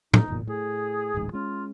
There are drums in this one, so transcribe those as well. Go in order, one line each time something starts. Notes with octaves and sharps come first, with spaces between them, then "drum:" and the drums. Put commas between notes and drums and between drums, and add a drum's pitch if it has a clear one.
A2 D#4, drum: tom A2
F#1 E2 A#2
A2 G#4
D1 A1 G#2
G#3 C#4 F4